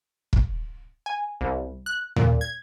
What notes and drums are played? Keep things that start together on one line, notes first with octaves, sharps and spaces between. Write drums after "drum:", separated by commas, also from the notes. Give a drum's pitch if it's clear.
drum: kick
G#5
C2
F#6
A#2, drum: tom D#2
G#6